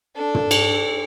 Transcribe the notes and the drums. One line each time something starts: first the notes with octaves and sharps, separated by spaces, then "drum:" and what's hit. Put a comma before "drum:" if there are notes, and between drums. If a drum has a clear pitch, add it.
D4 A4
drum: tom
drum: cymbal